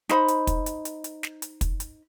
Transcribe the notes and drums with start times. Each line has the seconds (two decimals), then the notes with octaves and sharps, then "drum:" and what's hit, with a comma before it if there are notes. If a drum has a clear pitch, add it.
0.09 D#4 C5 B5, drum: snare
0.28 drum: hi-hat
0.47 drum: kick, hi-hat
0.66 drum: hi-hat
0.85 drum: hi-hat
1.04 drum: hi-hat
1.23 drum: snare
1.42 drum: hi-hat
1.61 drum: kick, hi-hat
1.80 drum: hi-hat